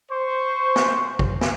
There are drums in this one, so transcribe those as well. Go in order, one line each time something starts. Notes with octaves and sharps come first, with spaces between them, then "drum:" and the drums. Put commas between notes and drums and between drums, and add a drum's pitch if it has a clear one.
C5 C#6
drum: snare
drum: kick G#1
drum: snare